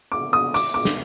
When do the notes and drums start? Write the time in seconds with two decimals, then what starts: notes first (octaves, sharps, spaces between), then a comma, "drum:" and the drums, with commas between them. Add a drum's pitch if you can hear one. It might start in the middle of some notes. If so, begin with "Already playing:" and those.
0.12 D6
0.33 D#6
0.54 D6, drum: hi-hat
0.74 D6
0.85 drum: snare